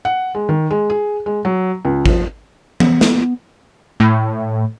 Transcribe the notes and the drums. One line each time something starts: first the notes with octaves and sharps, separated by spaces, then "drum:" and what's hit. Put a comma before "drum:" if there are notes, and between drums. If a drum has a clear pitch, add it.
F#5
G#3
D#3
G#3
G#4
G#3
F#3
C#2
F3, drum: kick
B3, drum: tom E3
drum: snare
A2